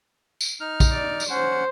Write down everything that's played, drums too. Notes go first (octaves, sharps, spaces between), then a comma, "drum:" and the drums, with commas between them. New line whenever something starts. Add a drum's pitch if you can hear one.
drum: tambourine
D#4 F6
drum: kick, tambourine
D5
drum: tambourine
C#4 C5 F#5